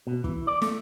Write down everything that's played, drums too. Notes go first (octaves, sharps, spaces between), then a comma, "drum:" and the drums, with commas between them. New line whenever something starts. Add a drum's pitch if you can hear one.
B2
E3, drum: kick
D5
A3, drum: snare